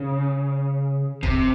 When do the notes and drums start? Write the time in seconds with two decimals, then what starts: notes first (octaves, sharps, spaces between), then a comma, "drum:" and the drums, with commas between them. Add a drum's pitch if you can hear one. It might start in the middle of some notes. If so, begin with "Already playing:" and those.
Already playing: C#3
1.23 C3, drum: kick